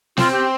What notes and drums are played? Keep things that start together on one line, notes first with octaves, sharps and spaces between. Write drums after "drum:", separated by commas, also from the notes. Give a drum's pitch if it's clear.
C4 F4, drum: snare
G4